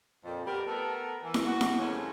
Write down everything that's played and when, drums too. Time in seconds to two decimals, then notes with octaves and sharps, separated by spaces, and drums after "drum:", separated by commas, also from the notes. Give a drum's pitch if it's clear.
0.25 F2 A#2
0.46 G3 B3 A#4
0.67 A3 B3 A4 A#4
1.23 E3
1.34 drum: snare E4
1.44 F#4
1.61 drum: snare E4
1.78 G2 C#3 F3 G#3 A3 C#4